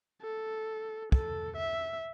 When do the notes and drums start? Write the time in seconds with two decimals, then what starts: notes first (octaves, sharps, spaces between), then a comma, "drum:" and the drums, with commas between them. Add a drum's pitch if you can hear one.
0.22 A4
1.12 A4, drum: kick
1.57 E5